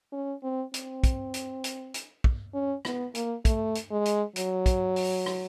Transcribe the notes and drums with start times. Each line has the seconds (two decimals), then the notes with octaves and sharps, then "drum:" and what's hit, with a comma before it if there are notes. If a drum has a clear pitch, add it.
0.12 C#4
0.43 C4
0.74 C4, drum: hi-hat
1.04 drum: kick, hi-hat
1.34 drum: hi-hat
1.64 drum: hi-hat
1.94 drum: hi-hat
2.24 drum: kick
2.54 C#4
2.85 B3, drum: rim click
3.15 A#3, drum: hi-hat
3.45 A3, drum: kick, hi-hat
3.75 drum: hi-hat
3.91 G#3
4.05 drum: hi-hat
4.36 F#3, drum: hi-hat
4.66 drum: kick, hi-hat
4.96 drum: open hi-hat
5.26 drum: rim click